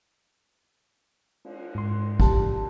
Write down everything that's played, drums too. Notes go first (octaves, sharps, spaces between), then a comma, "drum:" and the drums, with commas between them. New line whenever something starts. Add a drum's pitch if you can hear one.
drum: cymbal
G#2 C6
G4 A5, drum: kick